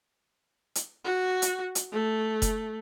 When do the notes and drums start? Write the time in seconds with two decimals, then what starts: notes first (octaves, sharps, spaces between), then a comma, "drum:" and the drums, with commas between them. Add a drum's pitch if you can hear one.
0.75 drum: hi-hat
1.04 F#4
1.42 drum: hi-hat
1.75 drum: hi-hat
1.92 A3
2.42 drum: kick F1, hi-hat